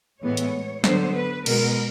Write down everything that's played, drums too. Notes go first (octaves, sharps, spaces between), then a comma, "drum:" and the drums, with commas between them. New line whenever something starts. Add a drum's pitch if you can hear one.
A2 E3 G#3 B3 C#5
drum: hi-hat
D3 F#3 B3 C5, drum: snare
B4
B2 G#3 B3 A#4, drum: cymbal